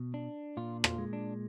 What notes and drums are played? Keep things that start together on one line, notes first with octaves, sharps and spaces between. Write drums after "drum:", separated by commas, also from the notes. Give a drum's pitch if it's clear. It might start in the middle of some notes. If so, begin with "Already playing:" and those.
Already playing: B2
D4
A#2 F4
F4, drum: rim click
G#3
D4